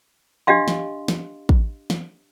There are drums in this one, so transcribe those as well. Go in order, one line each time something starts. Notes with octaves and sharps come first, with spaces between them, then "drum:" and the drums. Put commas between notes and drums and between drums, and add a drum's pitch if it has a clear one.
D4 G4 D#5 F5 C6
drum: snare
drum: snare
drum: kick
drum: snare